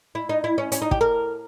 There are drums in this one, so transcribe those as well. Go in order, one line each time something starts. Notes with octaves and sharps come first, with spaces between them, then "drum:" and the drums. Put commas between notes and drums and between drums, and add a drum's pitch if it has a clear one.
E4
D#4
E4
C#4
C#4, drum: hi-hat
D#4
G4, drum: kick
A#4